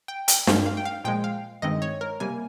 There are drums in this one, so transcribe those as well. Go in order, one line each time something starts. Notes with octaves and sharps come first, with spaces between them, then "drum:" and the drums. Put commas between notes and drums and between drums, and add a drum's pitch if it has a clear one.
G5
G5, drum: hi-hat
G2 G3 C#4 F5, drum: snare
F5
G5
F5
A#2 F3 G#3 G5
F5
G2 D#3 G#3 C4 D#5
C#5
A#4
C3 G3 A#3 G#5